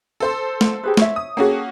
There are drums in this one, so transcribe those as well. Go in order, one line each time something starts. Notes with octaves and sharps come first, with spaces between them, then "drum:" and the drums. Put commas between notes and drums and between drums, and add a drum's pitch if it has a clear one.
A4 C5 C6
drum: snare
G4 G#4 B4
C#5 E5, drum: snare
D#6
A#3 C#4 F#4 G#4 A4 G5